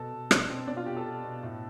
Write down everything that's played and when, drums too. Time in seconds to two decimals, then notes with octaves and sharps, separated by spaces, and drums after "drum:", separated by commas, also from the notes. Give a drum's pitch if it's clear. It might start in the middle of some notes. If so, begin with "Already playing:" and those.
Already playing: B2 A4
0.13 B2
0.31 B2 D4, drum: rim click
0.49 B2 C4
0.67 B2 D4
0.77 F4
0.86 B2 G4
0.97 A4
1.05 B2
1.24 B2
1.43 A2